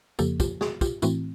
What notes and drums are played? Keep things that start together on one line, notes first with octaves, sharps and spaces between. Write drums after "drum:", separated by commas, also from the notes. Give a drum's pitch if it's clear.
F2 C#3 F3 A#3 G4 A4, drum: tambourine
F4 G4, drum: kick, tambourine
F#4 G#4, drum: snare
F4 G4, drum: kick, tambourine
A2 E3 A3 C4 E4 F#4, drum: tambourine